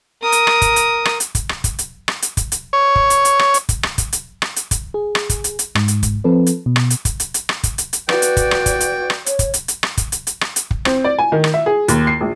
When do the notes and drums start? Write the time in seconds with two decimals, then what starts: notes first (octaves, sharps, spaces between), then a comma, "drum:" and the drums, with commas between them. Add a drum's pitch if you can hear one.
0.23 A#4 D#6
0.32 drum: hi-hat
0.47 drum: rim click
0.62 drum: kick, hi-hat
0.76 drum: hi-hat
1.05 drum: rim click
1.20 drum: hi-hat
1.35 drum: kick, hi-hat
1.49 drum: rim click
1.64 drum: kick, hi-hat
1.79 drum: hi-hat
2.08 drum: rim click
2.22 drum: hi-hat
2.37 drum: kick, hi-hat
2.52 drum: hi-hat
2.73 C#5
2.96 drum: kick
3.10 drum: hi-hat
3.25 drum: hi-hat
3.39 drum: rim click
3.54 drum: hi-hat
3.69 drum: kick, hi-hat
3.83 drum: rim click
3.98 drum: kick, hi-hat
4.13 drum: hi-hat
4.42 drum: rim click
4.56 drum: hi-hat
4.71 drum: kick, hi-hat
4.94 G#4
5.15 drum: rim click
5.30 drum: kick, hi-hat
5.44 drum: hi-hat
5.59 drum: hi-hat
5.75 G#2, drum: rim click
5.88 drum: hi-hat
6.03 drum: kick, hi-hat
6.24 F3 C4 A4 B4
6.47 drum: hi-hat
6.66 B2
6.76 drum: rim click
6.90 drum: hi-hat
7.05 drum: kick, hi-hat
7.20 drum: hi-hat
7.34 drum: hi-hat
7.49 drum: rim click
7.63 drum: kick, hi-hat
7.78 drum: hi-hat
7.93 drum: hi-hat
8.09 F#4 B4 D5 G5, drum: rim click
8.22 drum: hi-hat
8.37 drum: kick, hi-hat
8.51 drum: rim click
8.66 drum: kick, hi-hat
8.80 drum: hi-hat
9.10 drum: rim click
9.26 C#5, drum: hi-hat
9.39 drum: kick, hi-hat
9.54 drum: hi-hat
9.68 drum: hi-hat
9.83 drum: rim click
9.97 drum: kick, hi-hat
10.12 drum: hi-hat
10.27 drum: hi-hat
10.41 drum: rim click
10.56 drum: hi-hat
10.71 drum: kick
10.85 C4, drum: rim click
11.04 D5
11.19 G#5
11.32 D#3
11.44 drum: rim click
11.54 E5
11.66 G#4
11.88 D#2, drum: hi-hat
12.07 C7
12.21 A#1